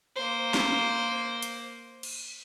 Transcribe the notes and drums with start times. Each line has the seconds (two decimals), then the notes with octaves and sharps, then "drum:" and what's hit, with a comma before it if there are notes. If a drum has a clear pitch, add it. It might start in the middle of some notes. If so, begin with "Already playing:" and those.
0.16 A#3 C5
0.54 drum: snare
1.42 drum: hi-hat
2.03 drum: cymbal